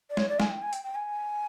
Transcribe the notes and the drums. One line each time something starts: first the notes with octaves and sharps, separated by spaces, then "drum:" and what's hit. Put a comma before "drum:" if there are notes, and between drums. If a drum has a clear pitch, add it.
D5
C#5, drum: snare
D5
G#5, drum: snare
G5
G#5
G5, drum: hi-hat
G5
G#5